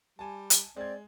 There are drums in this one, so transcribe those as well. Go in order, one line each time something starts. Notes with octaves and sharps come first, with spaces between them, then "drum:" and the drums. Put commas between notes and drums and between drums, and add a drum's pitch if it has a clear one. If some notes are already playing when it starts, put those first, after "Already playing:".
G3 G#5 A5
drum: hi-hat
G#3 C4 D5 G#6